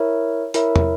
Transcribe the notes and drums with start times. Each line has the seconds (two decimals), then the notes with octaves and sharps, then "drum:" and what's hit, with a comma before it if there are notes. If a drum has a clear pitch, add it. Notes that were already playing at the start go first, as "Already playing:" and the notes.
Already playing: E4 A#4 C#5 E5
0.54 E4 A#4 C#5 E5, drum: hi-hat
0.76 drum: tom